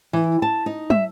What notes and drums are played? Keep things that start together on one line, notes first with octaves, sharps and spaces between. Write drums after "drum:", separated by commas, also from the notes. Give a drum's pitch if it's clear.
E3
A5
D#4
E5, drum: tom